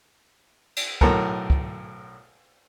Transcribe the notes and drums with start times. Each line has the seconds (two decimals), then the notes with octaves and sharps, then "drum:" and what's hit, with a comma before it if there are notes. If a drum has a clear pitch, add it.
0.76 drum: cymbal
1.01 B1 A2 A4 A#4, drum: kick
1.50 drum: kick